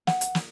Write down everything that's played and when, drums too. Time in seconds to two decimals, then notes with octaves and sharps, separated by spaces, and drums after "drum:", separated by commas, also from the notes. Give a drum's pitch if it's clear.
0.07 F#5, drum: snare
0.21 drum: hi-hat
0.35 drum: snare